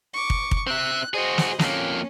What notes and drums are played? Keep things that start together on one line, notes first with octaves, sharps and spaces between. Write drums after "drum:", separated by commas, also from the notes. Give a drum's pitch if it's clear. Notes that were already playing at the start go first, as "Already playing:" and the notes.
C#6 D6
drum: kick
drum: kick
C4 E5 F#6
F#4 G#4 C5 D#5
drum: snare
F2 A#3 C#4, drum: snare